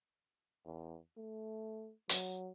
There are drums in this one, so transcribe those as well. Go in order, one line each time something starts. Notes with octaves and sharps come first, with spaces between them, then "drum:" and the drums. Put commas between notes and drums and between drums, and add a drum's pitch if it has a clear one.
E2
A3
F#3, drum: hi-hat